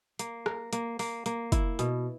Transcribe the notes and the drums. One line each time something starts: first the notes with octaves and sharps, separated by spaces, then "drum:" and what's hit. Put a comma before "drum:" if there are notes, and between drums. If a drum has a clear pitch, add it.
A#3, drum: hi-hat
A#4, drum: rim click
A#3, drum: hi-hat
A#3, drum: open hi-hat
A#3, drum: hi-hat
E4, drum: kick, hi-hat
B2, drum: hi-hat